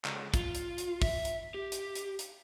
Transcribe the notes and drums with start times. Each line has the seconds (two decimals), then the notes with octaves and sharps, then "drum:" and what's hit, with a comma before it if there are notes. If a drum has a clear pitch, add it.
0.05 C#2, drum: clap
0.34 F4, drum: kick, hi-hat
0.55 drum: hi-hat
0.78 drum: hi-hat
1.02 E5, drum: kick, open hi-hat
1.25 drum: hi-hat
1.54 G4
1.72 drum: hi-hat
1.95 drum: hi-hat
2.19 drum: hi-hat